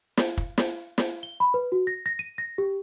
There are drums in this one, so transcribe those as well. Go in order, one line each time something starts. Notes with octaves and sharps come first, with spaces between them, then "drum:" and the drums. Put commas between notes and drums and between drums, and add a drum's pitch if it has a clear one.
drum: snare
drum: kick
drum: snare
drum: snare
G7
B5
B4
F#4
A#6
A#6
D#7
A#6
G4